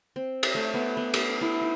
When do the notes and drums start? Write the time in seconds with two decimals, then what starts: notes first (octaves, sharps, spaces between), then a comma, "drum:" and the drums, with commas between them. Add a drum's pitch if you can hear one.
0.16 C4
0.43 drum: cymbal
0.55 A3
0.74 B3
0.97 B3
1.14 A4, drum: cymbal
1.41 E4
1.61 D#4